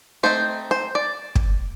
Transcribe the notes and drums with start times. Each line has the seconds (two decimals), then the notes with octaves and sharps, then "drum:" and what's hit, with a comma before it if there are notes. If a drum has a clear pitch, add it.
0.23 A3 C4 D#4 C5
0.71 C5
0.95 D5
1.35 drum: kick